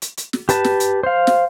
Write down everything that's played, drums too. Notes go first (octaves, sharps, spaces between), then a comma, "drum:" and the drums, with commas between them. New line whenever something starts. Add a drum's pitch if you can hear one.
drum: hi-hat
drum: hi-hat
drum: snare
G4 B4 A5, drum: hi-hat
drum: snare
drum: hi-hat
C5 F5
drum: snare